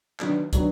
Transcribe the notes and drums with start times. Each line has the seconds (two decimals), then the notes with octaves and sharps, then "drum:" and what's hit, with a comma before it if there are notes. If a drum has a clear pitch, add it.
0.20 D#3 F#3 B3 D4, drum: clap
0.53 D#3 F#3 B3 D4, drum: kick, hi-hat